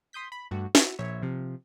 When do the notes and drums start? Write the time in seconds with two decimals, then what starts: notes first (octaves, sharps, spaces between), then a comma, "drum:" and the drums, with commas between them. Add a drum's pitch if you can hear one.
0.13 C6 D#6 G6 B6
0.32 B5
0.51 G2 A3 F#4
0.75 E4 F#4, drum: snare
0.99 A#1 C#5 E5
1.23 C3 F3